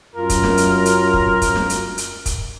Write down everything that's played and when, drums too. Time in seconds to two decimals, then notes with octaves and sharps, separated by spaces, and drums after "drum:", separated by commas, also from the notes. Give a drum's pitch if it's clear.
0.15 F#2 F4 A#4
0.29 drum: kick, hi-hat
0.43 drum: snare
0.57 drum: hi-hat
0.86 drum: hi-hat
1.14 drum: kick
1.42 drum: kick, hi-hat
1.56 drum: snare
1.70 drum: hi-hat
1.98 drum: hi-hat
2.26 drum: kick, hi-hat